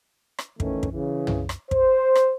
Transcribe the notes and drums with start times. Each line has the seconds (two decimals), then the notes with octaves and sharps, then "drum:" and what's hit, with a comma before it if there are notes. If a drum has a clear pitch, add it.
0.39 drum: rim click
0.60 D#3 E3 A3 C#4, drum: kick
0.83 drum: kick
0.92 C#3 E3
1.27 drum: tom
1.49 drum: rim click
1.71 C5, drum: kick
2.15 drum: rim click